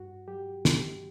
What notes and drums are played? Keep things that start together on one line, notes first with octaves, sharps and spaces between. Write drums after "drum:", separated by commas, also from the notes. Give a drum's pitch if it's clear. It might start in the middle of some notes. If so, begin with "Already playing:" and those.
Already playing: G2 F#4
F#3 G4
drum: snare